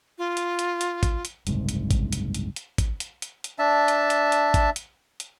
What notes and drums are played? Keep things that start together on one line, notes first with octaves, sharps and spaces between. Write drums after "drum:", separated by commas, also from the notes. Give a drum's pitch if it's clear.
F4
drum: hi-hat
drum: hi-hat
drum: hi-hat
drum: kick, hi-hat
drum: hi-hat
F#1 C2 G#2, drum: hi-hat
drum: hi-hat
drum: kick, hi-hat
drum: hi-hat
drum: hi-hat
drum: hi-hat
drum: kick, hi-hat
drum: hi-hat
drum: hi-hat
drum: hi-hat
D4 E5 A5
drum: hi-hat
drum: hi-hat
drum: hi-hat
drum: kick, hi-hat
drum: hi-hat
drum: hi-hat